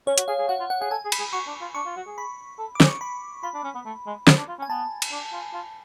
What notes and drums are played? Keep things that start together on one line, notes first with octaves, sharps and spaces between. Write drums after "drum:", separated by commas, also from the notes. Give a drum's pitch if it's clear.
C#4 C#5
F#4, drum: hi-hat
G#4 F5
G#4
F#4 F#5
F4
F#5
G#4 F#5
A4 G#5
G#4
B5, drum: cymbal
G#4
F#4 C#6
D4
F4
D4 C#6
F4
F#4
G#4
B5
A4
D6
G#4, drum: snare
C#6
B5
F4 B5
D4
C#4
B3
A3
G#3
B3, drum: snare
D4
F4
C#4
G#5
B3 A5
drum: cymbal
D4
F4
F4